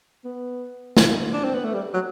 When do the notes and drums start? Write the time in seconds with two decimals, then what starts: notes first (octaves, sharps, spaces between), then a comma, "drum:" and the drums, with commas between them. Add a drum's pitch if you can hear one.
0.25 B3
0.97 drum: snare
1.34 D4
1.44 C4
1.54 B3
1.64 A3
1.74 G3
1.94 F#3